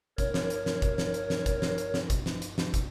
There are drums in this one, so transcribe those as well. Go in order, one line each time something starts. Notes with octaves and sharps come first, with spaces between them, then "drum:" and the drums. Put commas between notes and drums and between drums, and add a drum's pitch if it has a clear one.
A#4 C#5, drum: kick, hi-hat
drum: snare
drum: hi-hat
drum: snare
drum: kick, hi-hat
drum: snare
drum: hi-hat
drum: snare
drum: kick, hi-hat
drum: snare
drum: hi-hat
drum: snare
drum: kick, hi-hat
drum: snare
drum: hi-hat
drum: snare
drum: kick, hi-hat